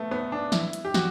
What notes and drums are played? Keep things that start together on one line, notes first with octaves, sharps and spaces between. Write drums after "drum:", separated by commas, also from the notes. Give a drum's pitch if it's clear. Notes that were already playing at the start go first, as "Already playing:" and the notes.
Already playing: A3 B3
B3
D4
E4, drum: snare
drum: hi-hat
G4
F#4, drum: snare